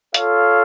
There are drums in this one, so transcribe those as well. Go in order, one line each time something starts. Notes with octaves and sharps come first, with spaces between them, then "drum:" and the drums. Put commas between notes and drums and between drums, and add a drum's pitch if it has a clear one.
F4 A4 C#5 F5, drum: hi-hat